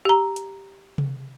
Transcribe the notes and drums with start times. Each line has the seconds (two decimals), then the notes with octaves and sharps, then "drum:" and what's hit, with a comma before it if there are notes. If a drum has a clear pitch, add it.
0.05 G4 A#5
0.36 drum: hi-hat
0.98 drum: tom C3